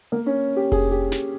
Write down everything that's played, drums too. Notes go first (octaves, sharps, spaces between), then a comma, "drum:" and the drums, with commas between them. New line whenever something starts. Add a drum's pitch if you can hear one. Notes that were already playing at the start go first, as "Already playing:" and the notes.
A#3
C#4
G4
G#4, drum: kick F1, open hi-hat
G4
drum: snare